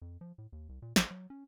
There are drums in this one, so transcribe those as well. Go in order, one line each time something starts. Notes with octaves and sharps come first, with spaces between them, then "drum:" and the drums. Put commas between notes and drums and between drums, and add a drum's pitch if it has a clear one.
F2
F3
A2
D#2
C2
A#2
A#1, drum: snare
F#3
C#4